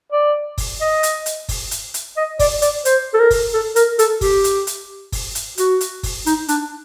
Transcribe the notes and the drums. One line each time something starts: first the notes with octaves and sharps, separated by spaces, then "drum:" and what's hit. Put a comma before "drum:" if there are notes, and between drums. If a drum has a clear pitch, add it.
D5
drum: kick F#1, open hi-hat
D#5
drum: hi-hat
drum: hi-hat
drum: kick F#1, open hi-hat
drum: hi-hat
drum: hi-hat
D#5
D5, drum: kick F#1, open hi-hat
D5, drum: hi-hat
C5, drum: hi-hat
A4
A#4
drum: kick F#1, open hi-hat
A4
A#4, drum: hi-hat
A4, drum: hi-hat
G4, drum: kick F#1, open hi-hat
drum: hi-hat
drum: hi-hat
drum: kick F#1, open hi-hat
drum: hi-hat
F#4, drum: hi-hat
drum: hi-hat
drum: kick F#1, open hi-hat
D#4, drum: hi-hat
D4, drum: hi-hat